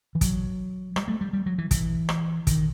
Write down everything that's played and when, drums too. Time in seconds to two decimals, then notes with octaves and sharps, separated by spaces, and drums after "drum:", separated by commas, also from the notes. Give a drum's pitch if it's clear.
0.15 E3
0.21 F#3, drum: kick, hi-hat
0.96 G3, drum: rim click
1.08 A3
1.21 G3
1.33 G3
1.46 F#3
1.58 E3
1.71 E3, drum: kick, hi-hat
2.09 drum: rim click
2.47 D#3, drum: kick, hi-hat